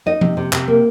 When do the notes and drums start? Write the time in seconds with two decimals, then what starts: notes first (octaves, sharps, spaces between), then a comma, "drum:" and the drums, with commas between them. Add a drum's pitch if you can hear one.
0.06 D#4 D#5
0.21 C3, drum: tom F3
0.37 C3
0.53 C3, drum: clap
0.68 A#3